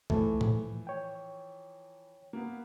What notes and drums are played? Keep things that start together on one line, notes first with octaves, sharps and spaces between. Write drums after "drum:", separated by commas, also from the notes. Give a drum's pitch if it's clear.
E3 F3 A3, drum: kick
drum: tom A2
C#5 G5
A#3 B3